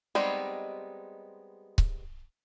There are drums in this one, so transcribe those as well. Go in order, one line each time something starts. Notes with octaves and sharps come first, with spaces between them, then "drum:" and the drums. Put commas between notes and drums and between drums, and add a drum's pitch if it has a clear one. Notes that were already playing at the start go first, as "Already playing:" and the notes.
G3 G#3 B3 C4 D#4
drum: kick C#1